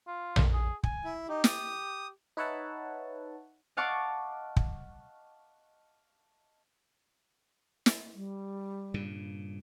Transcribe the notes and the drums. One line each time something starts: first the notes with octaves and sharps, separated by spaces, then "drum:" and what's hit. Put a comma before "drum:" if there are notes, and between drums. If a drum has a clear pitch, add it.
F4
drum: tom A#1
G#4
G#5, drum: kick
E4
D#4 G4
D#6, drum: snare
D#4 B4 C#5 E5 F#5 A5
D#5 F5 F#5 A5 C#6 D6
drum: kick
drum: snare
G3
G2 A#2 C#3